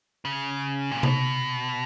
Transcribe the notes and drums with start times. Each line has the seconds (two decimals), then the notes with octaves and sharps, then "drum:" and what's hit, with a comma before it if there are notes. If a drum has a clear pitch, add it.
0.25 C#3
0.91 A#2
1.03 B2, drum: tom C3